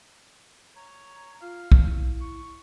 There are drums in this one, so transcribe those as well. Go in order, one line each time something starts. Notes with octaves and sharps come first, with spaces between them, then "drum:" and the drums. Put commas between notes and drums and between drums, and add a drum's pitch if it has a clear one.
C#5 A#5
F4 F5
drum: kick
E4
C#6